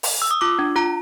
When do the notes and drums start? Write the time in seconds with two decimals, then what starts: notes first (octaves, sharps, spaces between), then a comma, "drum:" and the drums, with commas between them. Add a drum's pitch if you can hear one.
0.03 drum: open hi-hat
0.22 E6
0.31 D#6
0.41 F4 D6
0.59 D4
0.76 F4 A#5